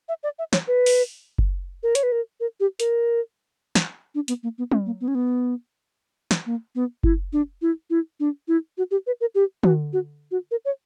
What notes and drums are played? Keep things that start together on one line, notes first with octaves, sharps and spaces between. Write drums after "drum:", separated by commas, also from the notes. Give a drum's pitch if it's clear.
E5
D5
E5
C#5, drum: snare
B4
drum: open hi-hat
drum: kick F#1
A#4
C#5, drum: hi-hat
B4
A#4
A#4
G4
A#4, drum: hi-hat
drum: snare
D4
B3, drum: hi-hat
A#3
B3
C#4, drum: tom
A#3
B3
C#4
B3
drum: snare
A#3
B3
E4, drum: kick F#1
D4
E4
E4
D4
E4
F#4
G4
B4
A#4
G4
F#4, drum: tom
F#4
F#4
A#4
C#5